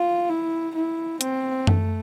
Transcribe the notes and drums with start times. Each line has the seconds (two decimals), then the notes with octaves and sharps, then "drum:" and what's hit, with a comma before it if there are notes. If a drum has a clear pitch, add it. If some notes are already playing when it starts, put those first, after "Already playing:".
Already playing: F4
0.29 E4
0.75 E4
1.21 C4, drum: hi-hat
1.67 A3, drum: tom F#2